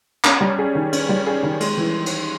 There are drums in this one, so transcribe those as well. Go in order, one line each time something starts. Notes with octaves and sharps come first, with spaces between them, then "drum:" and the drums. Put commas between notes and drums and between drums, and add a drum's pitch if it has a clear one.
C#4, drum: clap
G3
G#4
D#3
C#4, drum: cymbal
G3
G#4
D#3
G#3, drum: cymbal
E3
drum: cymbal